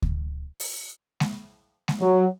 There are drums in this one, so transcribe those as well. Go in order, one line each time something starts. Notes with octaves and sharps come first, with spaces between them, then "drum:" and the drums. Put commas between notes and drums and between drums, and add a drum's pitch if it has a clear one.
drum: kick D2
drum: open hi-hat
drum: snare G#3
drum: snare G#3
F#3